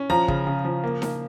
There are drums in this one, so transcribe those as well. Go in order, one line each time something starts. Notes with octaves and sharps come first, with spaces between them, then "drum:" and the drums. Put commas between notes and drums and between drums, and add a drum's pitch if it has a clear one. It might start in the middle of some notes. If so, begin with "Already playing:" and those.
Already playing: C#4
F3 A#5
C#3, drum: kick
C#3
F3
A#3
A#3, drum: snare D#4